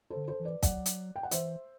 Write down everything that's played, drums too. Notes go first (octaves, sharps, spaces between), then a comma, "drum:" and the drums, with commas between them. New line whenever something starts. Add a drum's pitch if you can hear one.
A4 C5
D3
A4 C5
E3
B4 D5
F#3 D5 F#5, drum: kick, hi-hat
drum: hi-hat
G5
F#5
E3 C5 E5, drum: hi-hat